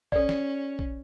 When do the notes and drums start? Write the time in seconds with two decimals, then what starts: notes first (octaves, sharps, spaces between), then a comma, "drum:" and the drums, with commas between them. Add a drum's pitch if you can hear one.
0.12 C#4 A4 D5, drum: kick A#1
0.29 drum: snare
0.79 drum: kick A#1